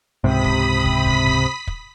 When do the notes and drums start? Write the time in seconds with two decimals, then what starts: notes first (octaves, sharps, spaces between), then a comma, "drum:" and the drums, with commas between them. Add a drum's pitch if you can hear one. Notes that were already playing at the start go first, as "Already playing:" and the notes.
0.24 C#2 G#2 C3 B5 D#6 B6
0.44 drum: kick
0.85 drum: kick
1.06 drum: kick
1.26 drum: kick
1.67 drum: kick